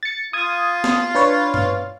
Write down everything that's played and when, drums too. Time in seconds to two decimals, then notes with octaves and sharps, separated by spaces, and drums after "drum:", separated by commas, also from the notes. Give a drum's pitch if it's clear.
0.03 A6 C#7
0.33 F4 D#6 G#6
0.84 drum: snare
1.15 D4 B4 C#5
1.54 drum: tom G2